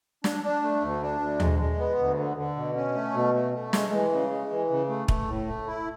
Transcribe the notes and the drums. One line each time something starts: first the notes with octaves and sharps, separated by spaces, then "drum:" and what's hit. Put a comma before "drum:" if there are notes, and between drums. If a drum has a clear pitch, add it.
D4, drum: snare
D4
A3
D2
D4
D2
G#3, drum: tom D#2
G#3
B3
D2
D3
D3
B2
C#4
A3
B2
A3
A3
G#3, drum: snare
E3
C#3
G#3
E3
C#3
A3
A3, drum: kick
A2
A3
E4